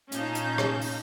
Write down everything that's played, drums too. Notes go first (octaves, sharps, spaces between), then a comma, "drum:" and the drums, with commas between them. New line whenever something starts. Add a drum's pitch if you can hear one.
A#2 C#4 D#4 F5 A5 G6, drum: hi-hat
drum: hi-hat
drum: rim click
drum: open hi-hat